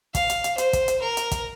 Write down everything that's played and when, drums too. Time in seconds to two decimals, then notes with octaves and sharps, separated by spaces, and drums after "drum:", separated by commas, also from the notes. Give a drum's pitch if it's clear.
0.15 F5, drum: kick, hi-hat
0.30 drum: hi-hat
0.44 drum: hi-hat
0.58 C5, drum: hi-hat
0.73 drum: kick, hi-hat
0.88 drum: hi-hat
1.02 A#4
1.17 drum: hi-hat
1.31 drum: kick, hi-hat